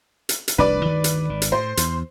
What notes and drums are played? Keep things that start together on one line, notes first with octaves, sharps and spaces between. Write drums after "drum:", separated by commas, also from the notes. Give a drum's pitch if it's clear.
drum: hi-hat
drum: hi-hat
F1 C2 D4 B4 D5
D2 G2 D#3
drum: hi-hat
G#1 D#3
drum: hi-hat
A2 C5
E2, drum: hi-hat